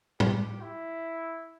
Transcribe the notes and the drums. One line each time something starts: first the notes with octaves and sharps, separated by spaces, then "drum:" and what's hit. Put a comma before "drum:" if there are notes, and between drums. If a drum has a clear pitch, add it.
G4, drum: tom
E4